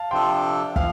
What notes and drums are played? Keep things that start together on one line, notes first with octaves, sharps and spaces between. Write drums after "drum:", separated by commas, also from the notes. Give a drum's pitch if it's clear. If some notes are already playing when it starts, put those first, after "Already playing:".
Already playing: F5 A5
C3 F3 D4 A4 G5 C6
F3 F5, drum: kick